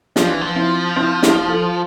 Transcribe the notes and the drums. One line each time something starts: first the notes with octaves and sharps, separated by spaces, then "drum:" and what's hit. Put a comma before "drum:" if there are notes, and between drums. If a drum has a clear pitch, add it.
F3 D4 F4, drum: snare
E3
F3
C4 E4
C4 E4
E4 G4, drum: snare
F4 A4